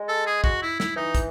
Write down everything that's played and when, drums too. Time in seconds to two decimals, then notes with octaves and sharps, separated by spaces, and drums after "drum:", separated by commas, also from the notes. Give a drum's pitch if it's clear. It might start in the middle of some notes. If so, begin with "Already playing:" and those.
Already playing: G#3
0.08 A4
0.27 G#4
0.44 F#4, drum: kick
0.62 E4
0.80 E4, drum: snare
0.96 E3 D#4
1.15 drum: kick, hi-hat